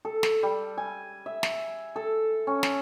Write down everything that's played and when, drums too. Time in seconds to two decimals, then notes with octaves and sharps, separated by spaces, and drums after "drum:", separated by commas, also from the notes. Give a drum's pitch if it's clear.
0.05 A4
0.23 drum: snare
0.43 G3
0.78 G#5
1.26 E5
1.43 drum: snare
1.96 A4
2.47 C#4
2.63 drum: snare